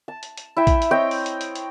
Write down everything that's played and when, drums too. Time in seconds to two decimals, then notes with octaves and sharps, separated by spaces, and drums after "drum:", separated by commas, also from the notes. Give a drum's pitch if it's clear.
0.08 A5
0.23 drum: hi-hat
0.37 drum: hi-hat
0.57 E4 E5 G5
0.67 drum: kick A#1, hi-hat
0.82 drum: hi-hat
0.91 C4 C#5 D#5 G5
1.11 drum: open hi-hat
1.26 drum: hi-hat
1.41 drum: hi-hat
1.55 drum: hi-hat